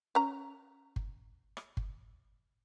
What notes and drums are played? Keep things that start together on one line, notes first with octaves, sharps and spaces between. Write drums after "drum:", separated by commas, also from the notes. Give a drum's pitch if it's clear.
C#4 A#5
drum: kick G1
drum: rim click
drum: kick G1